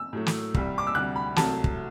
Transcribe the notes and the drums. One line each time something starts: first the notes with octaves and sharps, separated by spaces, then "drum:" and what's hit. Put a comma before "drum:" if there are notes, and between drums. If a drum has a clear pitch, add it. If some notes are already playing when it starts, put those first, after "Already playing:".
Already playing: E6
A2 F#3 A3
drum: snare
C2 C3 G3, drum: kick
D6
E6
D2 C3 G3 F#6
B5
C2 C3 F#3 A3 A5, drum: snare
drum: kick